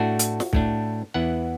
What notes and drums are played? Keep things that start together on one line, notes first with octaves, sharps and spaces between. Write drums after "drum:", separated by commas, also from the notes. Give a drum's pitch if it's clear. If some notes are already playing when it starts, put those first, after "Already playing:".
Already playing: A2 A3 D4 F#4
drum: hi-hat
drum: snare
A2 A3 D4, drum: kick
E2 E3 B3 E4 F#5